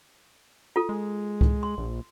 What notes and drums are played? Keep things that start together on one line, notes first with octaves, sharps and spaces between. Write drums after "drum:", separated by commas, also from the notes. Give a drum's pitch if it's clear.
F4 A4
G#3
drum: kick C#2
C6
A#1